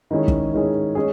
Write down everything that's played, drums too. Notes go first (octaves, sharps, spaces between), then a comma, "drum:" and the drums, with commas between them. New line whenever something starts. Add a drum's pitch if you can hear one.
D#3 G#3 C#4 E4 G#4
drum: kick
D#3 G#3 C#4 E4 G#4
G#3 C#4 G#4